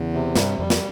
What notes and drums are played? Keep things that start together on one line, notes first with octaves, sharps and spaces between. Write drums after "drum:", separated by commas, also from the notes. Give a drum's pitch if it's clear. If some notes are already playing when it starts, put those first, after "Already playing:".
Already playing: E2 C#3
C3
G2 G3, drum: snare
F2 G3
drum: snare